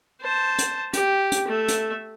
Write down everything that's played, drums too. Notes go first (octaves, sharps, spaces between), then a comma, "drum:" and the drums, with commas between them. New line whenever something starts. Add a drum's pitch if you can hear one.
C5 A5
drum: hi-hat
G4, drum: hi-hat
drum: hi-hat
A3 E5
drum: hi-hat